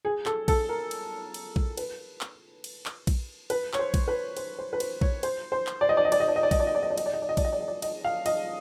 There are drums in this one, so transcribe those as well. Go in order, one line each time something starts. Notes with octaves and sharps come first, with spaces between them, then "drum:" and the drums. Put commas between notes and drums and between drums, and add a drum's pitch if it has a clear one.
G#4
A4, drum: clap
A4, drum: kick A#1, cymbal
A#4
drum: cymbal
drum: cymbal
drum: kick A#1
B4, drum: cymbal
drum: clap
drum: cymbal
drum: clap
drum: kick A#1, cymbal
B4, drum: cymbal
C#5, drum: clap
C5
drum: kick A#1, cymbal
B4
C5, drum: cymbal
C5
B4
C5, drum: cymbal
C#5, drum: kick A#1
C5, drum: cymbal
C5
drum: clap
D5
D#5
D5
D#5
D5, drum: cymbal
D#5
D5
D#5
D5
D#5, drum: kick A#1, cymbal
D5
D#5
D5
D#5
D5
D#5, drum: cymbal
D5
D#5
D5
D#5
D5, drum: kick A#1, cymbal
D#5
D5
D#5
D5
D#5, drum: cymbal
F5
D#5, drum: cymbal